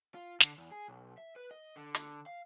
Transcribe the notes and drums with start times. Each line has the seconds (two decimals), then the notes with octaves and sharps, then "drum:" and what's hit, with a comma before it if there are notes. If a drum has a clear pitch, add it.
0.14 F4
0.40 D3, drum: snare
0.58 E2
0.71 G#4
0.88 B1
1.18 E5
1.36 B4
1.51 D#5
1.76 D3
1.95 drum: hi-hat
2.26 F5